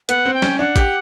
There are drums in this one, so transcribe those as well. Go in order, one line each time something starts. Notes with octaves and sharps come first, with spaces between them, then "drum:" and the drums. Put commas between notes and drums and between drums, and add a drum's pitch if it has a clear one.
B3 F#5, drum: hi-hat
C4
G5
C#4, drum: snare
D4 F#5
G4, drum: kick, hi-hat